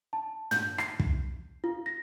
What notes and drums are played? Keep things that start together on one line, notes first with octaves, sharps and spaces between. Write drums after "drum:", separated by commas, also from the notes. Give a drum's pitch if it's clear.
A5
G6, drum: tom
C7, drum: rim click
drum: kick
F4
A#6